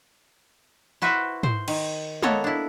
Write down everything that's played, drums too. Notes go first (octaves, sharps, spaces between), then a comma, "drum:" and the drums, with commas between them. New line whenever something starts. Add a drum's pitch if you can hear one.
E4 F#4 B4 C5 E5
C5, drum: tom G#2
D#3, drum: cymbal
A#3 B3 A4 C#5 D#5, drum: tom G#3
D4 E4